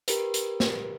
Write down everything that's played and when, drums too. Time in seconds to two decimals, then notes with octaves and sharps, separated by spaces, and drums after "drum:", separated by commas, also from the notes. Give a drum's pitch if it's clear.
0.08 G4 A#4 B4, drum: hi-hat
0.34 drum: hi-hat
0.60 drum: snare